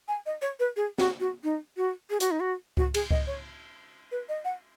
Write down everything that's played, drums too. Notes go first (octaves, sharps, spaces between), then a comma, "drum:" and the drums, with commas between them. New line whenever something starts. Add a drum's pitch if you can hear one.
G#5
D#5
C#5
B4
G#4
F#4, drum: snare
F#4
D#4
F#4
G#4
F#4, drum: hi-hat
D#4
F#4
F#4, drum: kick C#2
G#4, drum: cymbal
D#5, drum: kick C#2
C#5
B4
D#5
F#5